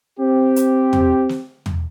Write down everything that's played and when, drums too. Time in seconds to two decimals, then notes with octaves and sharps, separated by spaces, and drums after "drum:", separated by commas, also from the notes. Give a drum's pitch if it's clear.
0.20 C4 G4
0.56 drum: hi-hat
0.93 drum: tom
1.29 drum: snare
1.66 drum: tom